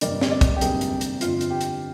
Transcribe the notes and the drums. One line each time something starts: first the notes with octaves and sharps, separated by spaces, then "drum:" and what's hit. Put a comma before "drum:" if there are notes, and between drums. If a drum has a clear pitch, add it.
G1 F2 C3 G3 A#3 D5, drum: hi-hat
drum: snare
D5
drum: kick, hi-hat
G4
G1 F2 C3 G3 A#3 G#4, drum: hi-hat
drum: hi-hat
drum: hi-hat
G1 F2 D3 F4, drum: hi-hat
drum: hi-hat
G4
drum: hi-hat